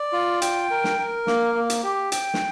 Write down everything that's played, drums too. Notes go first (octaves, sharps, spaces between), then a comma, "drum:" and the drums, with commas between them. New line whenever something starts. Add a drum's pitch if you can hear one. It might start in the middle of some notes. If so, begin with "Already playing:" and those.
Already playing: D5
F4
G5, drum: hi-hat
A#4
drum: snare
A#4
A#3, drum: snare
A#3
drum: hi-hat
G4
G5, drum: hi-hat
drum: snare